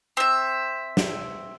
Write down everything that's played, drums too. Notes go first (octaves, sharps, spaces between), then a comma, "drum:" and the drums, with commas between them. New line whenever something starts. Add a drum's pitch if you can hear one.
C4 E5
drum: snare